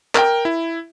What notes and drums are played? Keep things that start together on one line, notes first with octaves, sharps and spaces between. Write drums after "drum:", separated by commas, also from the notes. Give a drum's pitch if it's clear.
A#4 G5, drum: clap
E4